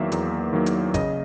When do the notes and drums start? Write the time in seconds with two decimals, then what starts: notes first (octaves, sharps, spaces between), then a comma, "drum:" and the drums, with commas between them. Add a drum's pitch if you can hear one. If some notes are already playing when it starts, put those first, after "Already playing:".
Already playing: E2 D#3 F#3 A#3 E5
0.12 E2, drum: hi-hat
0.53 D#3 F#3 A#3
0.66 drum: hi-hat
0.94 C#3 D#5, drum: kick, hi-hat